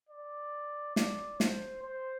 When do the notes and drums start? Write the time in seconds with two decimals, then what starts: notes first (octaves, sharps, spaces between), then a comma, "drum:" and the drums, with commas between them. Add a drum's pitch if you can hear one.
0.09 D5
0.96 D5, drum: snare
1.40 C5, drum: snare
1.83 C5